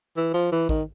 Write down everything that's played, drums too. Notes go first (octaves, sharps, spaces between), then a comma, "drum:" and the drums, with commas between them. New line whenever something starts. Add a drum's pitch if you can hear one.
E3
F3
E3
D#3, drum: kick A1